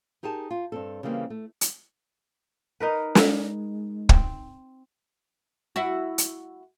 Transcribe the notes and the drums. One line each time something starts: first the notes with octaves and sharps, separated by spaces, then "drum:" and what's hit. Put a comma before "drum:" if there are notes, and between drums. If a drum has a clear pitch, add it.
D#4 G4 G#4 A#4 A5
F4
G2 C4 A4
C#3 E3 G3 A#3 C4
A3
drum: hi-hat
D#4 A#4 B4
G#3, drum: snare
C4, drum: kick
E4 F#4
drum: hi-hat